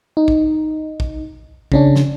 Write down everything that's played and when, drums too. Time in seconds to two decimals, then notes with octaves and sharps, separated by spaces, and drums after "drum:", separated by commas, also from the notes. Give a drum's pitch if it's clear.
0.17 D#4
0.28 drum: kick A1
1.00 drum: kick A1
1.72 C#3 C#4 D4, drum: kick A1
1.96 drum: snare